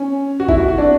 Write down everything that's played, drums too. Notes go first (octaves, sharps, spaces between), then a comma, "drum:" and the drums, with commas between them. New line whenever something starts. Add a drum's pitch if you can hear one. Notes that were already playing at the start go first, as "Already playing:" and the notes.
Already playing: C#4
F#4
E4, drum: kick
F#4
F#4
D4